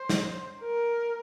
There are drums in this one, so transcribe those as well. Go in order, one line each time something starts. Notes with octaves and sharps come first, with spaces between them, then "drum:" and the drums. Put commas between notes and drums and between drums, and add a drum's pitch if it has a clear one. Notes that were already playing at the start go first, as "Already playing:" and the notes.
Already playing: C5
drum: snare
A#4